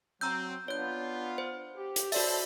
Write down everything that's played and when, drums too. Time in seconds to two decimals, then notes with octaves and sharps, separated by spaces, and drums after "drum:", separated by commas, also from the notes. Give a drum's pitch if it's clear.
0.21 F#3 C4 A#5 E6 G6
0.68 B3 D4 F4 C#5 G6
1.38 C5
1.75 G4
1.96 drum: hi-hat
2.12 F#4 A4 C5 D5 E5, drum: open hi-hat